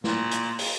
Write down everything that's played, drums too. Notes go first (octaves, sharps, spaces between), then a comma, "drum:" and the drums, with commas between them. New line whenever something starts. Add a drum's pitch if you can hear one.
A#2, drum: snare
drum: hi-hat
drum: open hi-hat